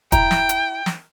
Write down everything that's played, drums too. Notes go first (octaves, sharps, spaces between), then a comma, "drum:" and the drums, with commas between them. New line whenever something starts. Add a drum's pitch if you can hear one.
E4 G5 A#5, drum: kick, hi-hat
drum: snare
drum: hi-hat
drum: snare